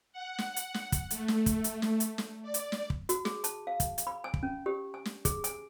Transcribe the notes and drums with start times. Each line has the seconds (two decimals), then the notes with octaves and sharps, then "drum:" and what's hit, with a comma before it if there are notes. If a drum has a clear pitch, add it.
0.13 F#5
0.38 drum: snare
0.56 drum: hi-hat
0.74 drum: snare
0.92 drum: kick, hi-hat
1.10 A3, drum: hi-hat
1.28 drum: snare
1.46 drum: kick, hi-hat
1.64 drum: hi-hat
1.82 drum: snare
2.00 drum: hi-hat
2.18 drum: snare
2.43 D5
2.54 drum: hi-hat
2.72 drum: snare
2.90 drum: kick
3.09 F#4, drum: hi-hat
3.25 G#4, drum: snare
3.44 A5, drum: hi-hat
3.67 F5
3.80 drum: kick, hi-hat
3.98 drum: hi-hat
4.07 B5
4.24 G#5
4.34 drum: kick
4.43 C#4
4.66 G4
4.94 G#5
5.05 drum: snare
5.25 G#4, drum: kick, hi-hat
5.44 G#5, drum: hi-hat